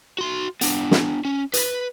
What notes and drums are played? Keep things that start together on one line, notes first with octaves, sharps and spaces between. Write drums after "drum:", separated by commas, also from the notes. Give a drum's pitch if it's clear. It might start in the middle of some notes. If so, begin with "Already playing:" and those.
F#4 C6
B3 D4, drum: hi-hat
drum: snare
C#4
B4, drum: hi-hat